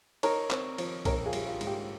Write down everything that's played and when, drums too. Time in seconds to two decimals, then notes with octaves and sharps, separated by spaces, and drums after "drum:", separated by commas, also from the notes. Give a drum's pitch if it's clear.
0.23 D#4 A#4 C#5, drum: cymbal
0.50 C4, drum: clap
0.78 F3, drum: cymbal
1.05 A#1 A#4 C#5, drum: kick B1, cymbal
1.26 F4 G#4
1.33 G3, drum: cymbal
1.46 F4
1.61 G#2, drum: cymbal
1.67 G4